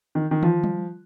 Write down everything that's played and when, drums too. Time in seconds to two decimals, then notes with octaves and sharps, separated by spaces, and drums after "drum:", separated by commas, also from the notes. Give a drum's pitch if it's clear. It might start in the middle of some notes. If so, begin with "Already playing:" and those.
0.15 D#3
0.31 D#3
0.43 F3, drum: tom
0.64 drum: tom G3